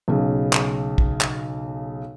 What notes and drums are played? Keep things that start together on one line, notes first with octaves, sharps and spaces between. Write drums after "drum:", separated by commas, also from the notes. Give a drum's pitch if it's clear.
B1 C#3
drum: clap
drum: kick
drum: clap